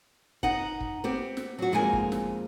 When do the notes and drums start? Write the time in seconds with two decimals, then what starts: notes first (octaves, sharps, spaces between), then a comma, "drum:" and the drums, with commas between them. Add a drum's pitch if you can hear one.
0.43 B3 D#4 F#5, drum: kick
0.80 drum: kick
1.04 B3 C4 G4
1.37 drum: snare
1.59 F#3 F#4
1.72 F2 G#3 A#3 D#4 A4 G#5
1.93 drum: kick
2.12 drum: snare